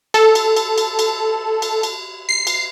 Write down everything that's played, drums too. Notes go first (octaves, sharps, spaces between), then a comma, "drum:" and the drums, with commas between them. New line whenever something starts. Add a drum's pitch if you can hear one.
A4, drum: cymbal
drum: cymbal
drum: cymbal
drum: cymbal
drum: cymbal
drum: cymbal
drum: cymbal
C7
drum: cymbal